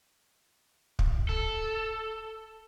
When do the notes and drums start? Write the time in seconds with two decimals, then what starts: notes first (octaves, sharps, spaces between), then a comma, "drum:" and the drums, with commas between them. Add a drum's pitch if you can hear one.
0.99 drum: kick
1.29 A4